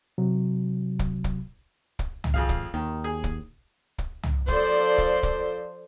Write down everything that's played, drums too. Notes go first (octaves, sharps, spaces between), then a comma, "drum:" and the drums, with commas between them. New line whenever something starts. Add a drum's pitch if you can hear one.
C3 F#3
drum: kick
drum: kick
drum: kick
drum: tom
G#1 F2 G#4 F5
drum: kick
D#2 D#3
G#4
drum: kick
drum: kick
drum: tom
F3 A4 C5 D5, drum: kick
drum: kick
drum: kick